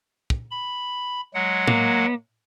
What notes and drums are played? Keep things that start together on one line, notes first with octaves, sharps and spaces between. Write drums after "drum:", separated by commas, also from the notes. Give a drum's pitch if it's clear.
drum: kick
B5
F#3 G#3 F#5
A#3, drum: tom